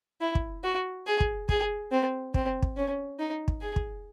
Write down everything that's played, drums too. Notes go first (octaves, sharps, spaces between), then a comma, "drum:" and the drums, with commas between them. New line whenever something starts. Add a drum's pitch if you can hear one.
E4
drum: kick
F#4
G#4
drum: kick
G#4, drum: kick
C4
C4, drum: kick
drum: kick
C#4
D#4
drum: kick
G#4
drum: kick